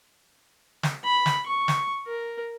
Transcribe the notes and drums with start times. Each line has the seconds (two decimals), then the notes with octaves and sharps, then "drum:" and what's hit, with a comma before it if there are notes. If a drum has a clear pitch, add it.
0.83 drum: snare
1.04 B5
1.26 drum: snare
1.46 C#6
1.68 drum: snare
2.07 A#4